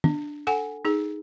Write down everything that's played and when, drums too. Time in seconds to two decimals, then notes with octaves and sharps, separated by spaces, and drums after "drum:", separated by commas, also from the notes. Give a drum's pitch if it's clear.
0.04 D4, drum: tom
0.47 A4 F#5 G#5
0.85 D#4 G#4